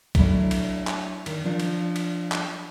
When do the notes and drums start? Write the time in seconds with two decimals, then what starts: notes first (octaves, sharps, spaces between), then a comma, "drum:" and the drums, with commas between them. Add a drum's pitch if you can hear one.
0.15 F#3 A3 D4 E4, drum: kick A#1, cymbal
0.51 drum: cymbal
0.87 drum: clap
1.26 D#3, drum: cymbal
1.44 F3 D4 F4
1.60 drum: cymbal
1.96 drum: cymbal
2.32 drum: clap